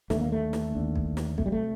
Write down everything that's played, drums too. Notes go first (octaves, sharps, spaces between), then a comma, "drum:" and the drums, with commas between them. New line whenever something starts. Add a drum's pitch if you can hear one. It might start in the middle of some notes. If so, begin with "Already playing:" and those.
D#2 D3 A3, drum: snare
A#3
A3
drum: snare
D#2 D3
drum: kick B1
drum: snare
D2 C3 A3, drum: kick B1
G3
A3